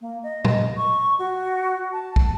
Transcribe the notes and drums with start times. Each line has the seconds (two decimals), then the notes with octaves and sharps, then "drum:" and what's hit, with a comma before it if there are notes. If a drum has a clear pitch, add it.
0.01 A#3
0.23 D#5
0.45 D#5, drum: tom
0.77 C#6
1.19 F#4
1.92 A5
2.16 drum: kick